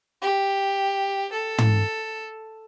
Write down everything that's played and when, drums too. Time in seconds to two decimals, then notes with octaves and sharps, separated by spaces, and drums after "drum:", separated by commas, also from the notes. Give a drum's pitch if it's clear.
0.22 G4
1.32 A4
1.58 drum: tom